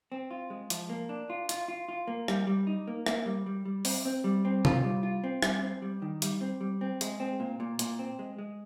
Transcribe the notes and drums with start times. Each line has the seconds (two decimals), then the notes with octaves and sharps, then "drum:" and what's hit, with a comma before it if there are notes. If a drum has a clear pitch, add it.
0.12 C4
0.31 F4
0.50 G#3
0.70 F3, drum: hi-hat
0.90 A#3
1.09 D4
1.30 F4
1.49 F4, drum: hi-hat
1.68 F4
1.89 F4
2.07 A#3
2.28 G3, drum: rim click
2.47 G3
2.67 D#4
2.87 A#3
3.06 A#3, drum: rim click
3.26 G3
3.46 G3
3.65 G3
3.85 C4, drum: open hi-hat
4.05 C4
4.24 G3
4.45 C4
4.65 F4, drum: tom C3
4.83 G3
5.03 F4
5.24 C4
5.43 G3, drum: rim click
5.62 C4
5.82 G3
6.02 D#3
6.22 G3, drum: hi-hat
6.41 C4
6.61 G3
6.81 C4
7.01 G#3, drum: hi-hat
7.20 C4
7.40 A#2
7.60 A#2
7.79 A#2, drum: hi-hat
7.99 C4
8.19 G#3
8.38 G#3